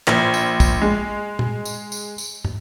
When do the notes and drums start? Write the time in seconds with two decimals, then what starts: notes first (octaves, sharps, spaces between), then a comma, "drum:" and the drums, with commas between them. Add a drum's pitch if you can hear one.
0.07 A#1, drum: clap
0.34 drum: tambourine
0.60 drum: kick, tambourine
0.81 G#3
1.39 drum: tom A#2
1.65 drum: tambourine
1.92 drum: tambourine
2.18 drum: tambourine
2.45 drum: tom